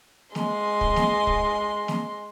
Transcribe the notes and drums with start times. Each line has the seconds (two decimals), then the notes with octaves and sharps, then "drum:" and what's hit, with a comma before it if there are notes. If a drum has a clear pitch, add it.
0.35 G#3 C6, drum: snare
0.81 drum: kick
0.96 drum: snare
1.27 drum: kick
1.88 drum: snare